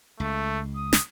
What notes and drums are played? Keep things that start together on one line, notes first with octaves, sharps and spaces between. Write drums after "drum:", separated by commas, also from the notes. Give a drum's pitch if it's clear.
C#2 A3
D#6
drum: snare